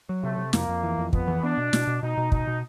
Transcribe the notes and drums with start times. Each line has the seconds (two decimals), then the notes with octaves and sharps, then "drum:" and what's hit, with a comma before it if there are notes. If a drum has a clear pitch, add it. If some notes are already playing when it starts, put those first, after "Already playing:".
0.09 F#3
0.23 C3 A3
0.38 C3
0.53 F2 A#3, drum: snare
0.69 F2
0.83 E3
0.98 F2
1.13 F2 B3, drum: kick
1.28 E3
1.43 B3 D4
1.58 B2
1.73 B2, drum: snare
1.87 B2
2.02 B2 D#4
2.17 B2
2.32 B2 D#4, drum: kick
2.47 B2